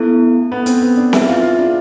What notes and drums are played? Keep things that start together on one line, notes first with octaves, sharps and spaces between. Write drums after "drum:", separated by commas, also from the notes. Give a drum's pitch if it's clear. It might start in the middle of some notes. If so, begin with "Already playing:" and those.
Already playing: A3 B3 E4 A4
B3
C4, drum: hi-hat
B3
D4
C4 E4 G#4 B4 E5, drum: snare C4
F4
F4
D4